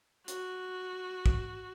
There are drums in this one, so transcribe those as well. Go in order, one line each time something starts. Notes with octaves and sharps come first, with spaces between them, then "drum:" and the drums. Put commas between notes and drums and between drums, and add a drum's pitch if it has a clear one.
F#4, drum: hi-hat
drum: kick